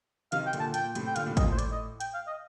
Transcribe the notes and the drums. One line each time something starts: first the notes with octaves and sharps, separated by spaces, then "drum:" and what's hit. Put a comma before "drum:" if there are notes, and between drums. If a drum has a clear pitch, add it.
C3 D#3 F5, drum: hi-hat
G5
A#2 D3, drum: hi-hat
A5
A#2 G5, drum: hi-hat
A2 C3, drum: hi-hat
G5
A#2 D3 F5, drum: hi-hat
A2 C3
A#2 D#5, drum: kick G#1, hi-hat
A2 C5
D5, drum: hi-hat
D#5
G5, drum: hi-hat
F5
D#5